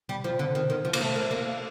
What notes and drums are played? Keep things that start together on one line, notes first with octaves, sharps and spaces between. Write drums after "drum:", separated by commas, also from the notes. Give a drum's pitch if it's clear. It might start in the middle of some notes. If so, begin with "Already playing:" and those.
G3
F3
D3
D#3
D#3
F3
A#3, drum: cymbal
A3
A#3
A#3